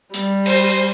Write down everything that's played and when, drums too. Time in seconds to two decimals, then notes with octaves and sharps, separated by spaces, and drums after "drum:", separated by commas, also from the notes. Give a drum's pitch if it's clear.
0.14 G3, drum: hi-hat
0.46 C5, drum: cymbal